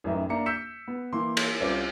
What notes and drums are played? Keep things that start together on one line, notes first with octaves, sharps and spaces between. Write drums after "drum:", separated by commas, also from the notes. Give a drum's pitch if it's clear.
A1 F#2 E3 D#4 E5
A#3 D4 E5 A#5 C#7
E6 G6 B6 C#7 E7
B3
E3 A#3 E4 C6
drum: cymbal
C2 C#4 F4 C5 D6